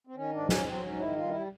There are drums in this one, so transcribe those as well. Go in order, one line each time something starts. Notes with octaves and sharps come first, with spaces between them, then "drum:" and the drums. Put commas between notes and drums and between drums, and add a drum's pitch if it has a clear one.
C4
D#3 C#4
G#2 D4
F#3 C#4, drum: snare
F#3 C4
G#2 C#4
D#3 E4
G2 F4
G3 E4